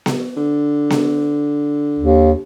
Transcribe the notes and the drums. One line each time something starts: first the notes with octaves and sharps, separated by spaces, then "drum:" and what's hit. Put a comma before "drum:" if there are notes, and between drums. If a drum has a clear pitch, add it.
drum: snare B3
D3
drum: snare B3
D#2